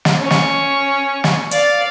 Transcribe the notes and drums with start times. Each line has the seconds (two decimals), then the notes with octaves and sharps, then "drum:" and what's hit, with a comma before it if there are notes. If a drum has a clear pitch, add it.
0.05 drum: snare
0.20 C#4 C#6
0.31 drum: snare
1.24 drum: snare
1.51 D5 F5, drum: hi-hat